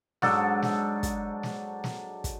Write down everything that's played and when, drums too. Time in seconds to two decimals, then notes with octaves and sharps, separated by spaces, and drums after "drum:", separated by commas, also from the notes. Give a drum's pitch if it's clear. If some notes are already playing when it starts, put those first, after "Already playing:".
0.22 G#2 F#3 D4 A4, drum: snare
0.62 drum: snare
1.03 drum: kick, hi-hat
1.43 drum: snare
1.84 drum: snare
2.24 drum: kick, hi-hat